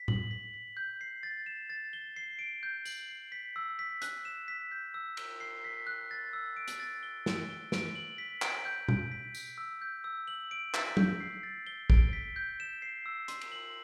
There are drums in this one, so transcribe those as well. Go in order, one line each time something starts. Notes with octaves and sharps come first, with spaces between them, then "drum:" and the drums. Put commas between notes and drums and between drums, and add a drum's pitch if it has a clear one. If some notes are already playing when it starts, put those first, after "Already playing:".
Already playing: B6
F#7, drum: tom A2
B6
B6
G6
C7
A6
E7
A6
G7
C7
D7
G6
F#7, drum: tambourine
C7
B6
E6
B6
F#6, drum: hi-hat
E7
B6
G6
E6
G7, drum: cymbal
C7
B6
F#6
A6
E6
D7
drum: hi-hat
A6
G7
D7, drum: snare
G7
D7, drum: snare
F#7
B6
D7, drum: clap
G6
D7, drum: tom
B6
B6, drum: tambourine
E6
G6
E6
F#7
D7
B6, drum: clap
G6, drum: tom
C7
A6
G7
D7, drum: kick
B6
G6
E7
C7
E6
C6, drum: hi-hat
drum: cymbal
F#7